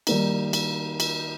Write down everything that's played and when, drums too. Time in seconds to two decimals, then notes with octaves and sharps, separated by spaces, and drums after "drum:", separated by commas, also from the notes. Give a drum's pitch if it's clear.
0.07 D#3 G3 A#3 D#4, drum: cymbal
0.53 drum: cymbal
1.00 drum: cymbal